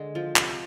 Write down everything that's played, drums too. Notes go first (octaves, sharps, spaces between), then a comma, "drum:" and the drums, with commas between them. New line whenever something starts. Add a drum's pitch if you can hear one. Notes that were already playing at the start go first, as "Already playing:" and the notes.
Already playing: D3 G#3
F3
C3, drum: clap